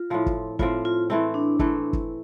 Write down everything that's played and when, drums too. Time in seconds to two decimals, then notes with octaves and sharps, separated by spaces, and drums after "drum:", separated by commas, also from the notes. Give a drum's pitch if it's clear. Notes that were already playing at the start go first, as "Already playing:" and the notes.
Already playing: F4
0.10 A2 F3 C4
0.26 drum: kick
0.59 A2 F3 C4 F4, drum: kick
0.85 F4
1.10 E3 A3 C4 E4
1.34 D4
1.59 E3 A3 C4, drum: kick
1.93 drum: kick